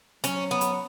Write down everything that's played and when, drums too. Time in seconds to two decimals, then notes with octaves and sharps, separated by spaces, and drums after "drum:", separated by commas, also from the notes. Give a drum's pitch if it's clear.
0.24 F#3 C#4, drum: hi-hat
0.51 B3
0.61 drum: hi-hat